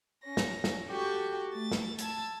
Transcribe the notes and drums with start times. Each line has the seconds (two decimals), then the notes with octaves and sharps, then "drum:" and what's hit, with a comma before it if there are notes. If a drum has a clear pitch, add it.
0.25 C#4 A#6
0.37 drum: snare
0.64 drum: snare
0.88 F#4 G4 A4 G5 C#6
1.50 A3 A6
1.72 drum: snare
1.98 A5 E6 G#6 A6, drum: hi-hat